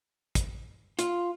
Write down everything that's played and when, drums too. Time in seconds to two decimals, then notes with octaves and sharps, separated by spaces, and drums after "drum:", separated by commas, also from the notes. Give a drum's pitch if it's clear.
0.35 drum: kick, hi-hat
0.99 F4, drum: hi-hat